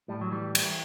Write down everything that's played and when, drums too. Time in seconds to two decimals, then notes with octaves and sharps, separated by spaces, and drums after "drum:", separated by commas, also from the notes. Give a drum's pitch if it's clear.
0.08 A2 G3
0.21 F#3
0.31 E3 G3
0.55 E3, drum: cymbal